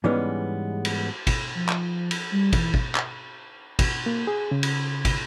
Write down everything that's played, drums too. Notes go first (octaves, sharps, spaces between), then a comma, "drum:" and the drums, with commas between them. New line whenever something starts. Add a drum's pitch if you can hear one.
G#2 E3 G3 G#3 B3 C#4
drum: cymbal
drum: kick, cymbal
F3
drum: clap
drum: cymbal
G3
E3, drum: kick, cymbal
drum: kick
drum: clap
drum: kick, cymbal
A#3
G#4
C#3
drum: cymbal
drum: kick, cymbal